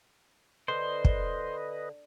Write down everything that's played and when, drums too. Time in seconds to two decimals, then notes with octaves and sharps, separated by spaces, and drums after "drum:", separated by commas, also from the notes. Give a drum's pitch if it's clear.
0.68 D3 B4 C5 D#5
1.05 drum: kick